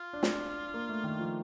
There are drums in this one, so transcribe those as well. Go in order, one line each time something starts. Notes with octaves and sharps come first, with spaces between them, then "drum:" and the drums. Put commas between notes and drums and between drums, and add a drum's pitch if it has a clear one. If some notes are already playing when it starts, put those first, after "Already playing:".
Already playing: F4
D4
drum: snare
A#3
A3
D#3
F3